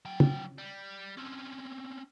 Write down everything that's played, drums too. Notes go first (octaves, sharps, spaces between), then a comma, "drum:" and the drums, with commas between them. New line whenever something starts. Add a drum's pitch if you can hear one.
F#3 G5
drum: tom
G3
C4 C#4